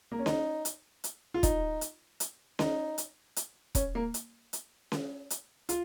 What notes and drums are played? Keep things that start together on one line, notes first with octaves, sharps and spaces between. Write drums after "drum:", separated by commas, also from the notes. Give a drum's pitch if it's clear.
A#3
C#4
D#4, drum: snare C#4
drum: hi-hat
drum: hi-hat
F4
D#4, drum: kick, hi-hat
drum: hi-hat
drum: hi-hat
D#4, drum: snare C#4
drum: hi-hat
drum: hi-hat
C#4, drum: kick, hi-hat
A#3
drum: hi-hat
drum: hi-hat
drum: snare C#4
drum: hi-hat
F4, drum: hi-hat